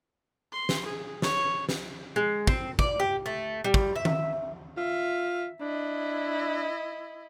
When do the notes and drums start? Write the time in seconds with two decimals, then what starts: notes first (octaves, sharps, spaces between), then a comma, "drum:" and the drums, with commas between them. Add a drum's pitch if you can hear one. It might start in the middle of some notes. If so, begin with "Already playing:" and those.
0.52 C6
0.69 drum: snare
0.85 G#4
1.22 C#5, drum: snare
1.69 drum: snare
2.16 G#3
2.47 C4, drum: kick
2.79 D5, drum: kick
3.00 G4
3.26 A3
3.64 G3
3.74 drum: kick
3.96 E5
4.05 drum: tom D#3
4.77 F4 E5
5.61 D4 E4 D#5